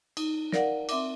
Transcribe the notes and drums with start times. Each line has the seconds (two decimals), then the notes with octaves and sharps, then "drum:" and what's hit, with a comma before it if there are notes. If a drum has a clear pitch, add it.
0.17 D#4, drum: cymbal
0.53 A#4 D5 F5 F#5, drum: snare
0.89 C4 E5 D6, drum: cymbal